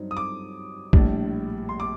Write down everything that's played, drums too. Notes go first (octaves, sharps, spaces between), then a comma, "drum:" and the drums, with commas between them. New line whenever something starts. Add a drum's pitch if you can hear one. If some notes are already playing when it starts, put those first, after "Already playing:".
Already playing: G2 F#3 C4 D#4
D#6
D6
A#1 A2 G3 D4, drum: kick
C6
D6